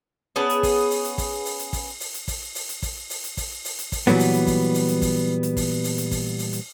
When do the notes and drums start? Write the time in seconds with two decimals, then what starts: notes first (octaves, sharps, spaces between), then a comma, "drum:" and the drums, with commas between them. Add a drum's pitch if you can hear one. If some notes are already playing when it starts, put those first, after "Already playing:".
0.36 B3 C#4 G#4 A5
0.49 drum: hi-hat
0.63 drum: kick, open hi-hat
0.91 drum: open hi-hat
1.04 drum: hi-hat
1.18 drum: kick, open hi-hat
1.45 drum: open hi-hat
1.59 drum: hi-hat
1.73 drum: kick, open hi-hat
2.00 drum: open hi-hat
2.14 drum: hi-hat
2.28 drum: kick, open hi-hat
2.55 drum: open hi-hat
2.69 drum: hi-hat
2.82 drum: kick, open hi-hat
3.10 drum: open hi-hat
3.24 drum: hi-hat
3.37 drum: kick, open hi-hat
3.65 drum: open hi-hat
3.78 drum: hi-hat
3.92 drum: kick, open hi-hat
4.07 A#2 E3 F#3 G3 B3
4.20 drum: open hi-hat
4.33 drum: hi-hat
4.47 drum: kick, open hi-hat
4.74 drum: open hi-hat
4.88 drum: hi-hat
5.02 drum: kick, open hi-hat
5.43 drum: hi-hat
5.57 drum: kick, open hi-hat
5.84 drum: open hi-hat
5.98 drum: hi-hat
6.11 drum: kick, open hi-hat
6.39 drum: open hi-hat
6.53 drum: hi-hat